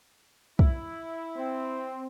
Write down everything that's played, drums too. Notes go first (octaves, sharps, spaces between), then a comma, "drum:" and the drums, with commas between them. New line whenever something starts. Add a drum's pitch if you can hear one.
E4, drum: kick
C4